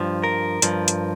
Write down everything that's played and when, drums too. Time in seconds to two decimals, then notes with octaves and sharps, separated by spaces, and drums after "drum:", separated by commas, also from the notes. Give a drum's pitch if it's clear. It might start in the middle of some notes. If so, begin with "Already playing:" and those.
Already playing: G2 F3
0.24 A#4
0.62 G2 F3, drum: hi-hat
0.88 drum: hi-hat